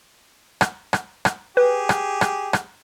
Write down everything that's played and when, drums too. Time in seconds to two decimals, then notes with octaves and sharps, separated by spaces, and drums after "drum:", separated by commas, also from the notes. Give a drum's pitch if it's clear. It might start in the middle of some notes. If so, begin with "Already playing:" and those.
0.61 drum: rim click
0.93 drum: rim click
1.25 drum: rim click
1.57 G4 G#4 B4
1.89 drum: rim click
2.21 drum: rim click
2.53 drum: rim click